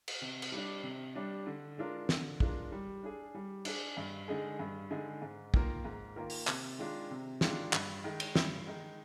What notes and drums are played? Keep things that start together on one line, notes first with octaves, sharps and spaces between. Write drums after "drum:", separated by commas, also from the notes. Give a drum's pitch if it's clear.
drum: cymbal
C3
drum: cymbal
G3 D4
C3
G3 D4
D3
G#3 D4 F4 A#4
D3, drum: snare
G#3 D4 F4 A#4, drum: kick
G3
D4 G#4
G3
D4 G#4, drum: cymbal
G2
D3 G#3 D#4 G#4
G2
D3 G#3 D#4 G#4
G#2
D#3 A#3 F4 A#4, drum: kick
G#2
D#3 A#3 F4 A#4
drum: open hi-hat
C3, drum: clap
D#3 G#3 D4 F4
C3
D#3 G#3 D4 F4, drum: snare
G2, drum: clap
D#3 G#3 D#4
drum: cymbal
G2, drum: snare
D#3 G#3 D#4